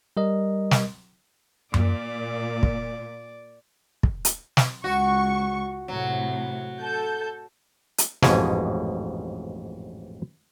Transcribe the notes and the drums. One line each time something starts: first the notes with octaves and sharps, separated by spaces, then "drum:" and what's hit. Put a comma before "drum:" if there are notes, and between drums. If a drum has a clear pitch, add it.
G3 A#4 D#5
drum: snare
A#2 D5, drum: tom F#2
drum: kick
drum: kick
drum: hi-hat
drum: snare
C#2 F#4 C#6
A2 C3 F#3
A4 A5 G6
drum: hi-hat
A1 F2 G#2 B2 G#5, drum: snare